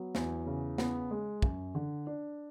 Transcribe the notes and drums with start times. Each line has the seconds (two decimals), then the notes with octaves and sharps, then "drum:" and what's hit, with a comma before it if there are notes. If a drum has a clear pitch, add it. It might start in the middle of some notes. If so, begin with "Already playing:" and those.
Already playing: F#3 B3
0.15 E2, drum: snare
0.46 C#3
0.78 B3, drum: snare
1.11 G#3
1.42 F#2, drum: kick
1.75 D3
2.07 D4